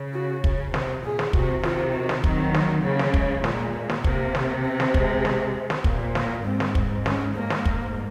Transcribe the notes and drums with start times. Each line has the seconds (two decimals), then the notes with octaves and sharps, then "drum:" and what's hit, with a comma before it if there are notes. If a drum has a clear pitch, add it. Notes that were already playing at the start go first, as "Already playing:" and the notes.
Already playing: C#3
0.13 F#4
0.44 C#3, drum: kick
0.74 C3, drum: snare
1.04 A#2 G#4
1.19 drum: snare
1.33 C3 F#4, drum: kick
1.63 C3 D#3 F4, drum: snare
1.94 F#4
2.09 drum: snare
2.24 D#3 F#3 C4, drum: kick
2.54 A#3, drum: snare
2.84 C#3 A#3
2.99 drum: snare
3.14 G#3, drum: kick
3.44 A#2 G#3, drum: snare
3.89 drum: snare
4.04 C3 A#3, drum: kick
4.35 drum: snare
4.65 C4
4.80 drum: snare
4.94 G#3, drum: kick
5.25 drum: snare
5.70 drum: snare
5.84 A#2 A#3, drum: kick
6.15 A#3, drum: snare
6.45 G#2 C4
6.60 drum: snare
6.75 drum: kick
7.06 C#4, drum: snare
7.35 A#3
7.50 drum: snare
7.65 G#2, drum: kick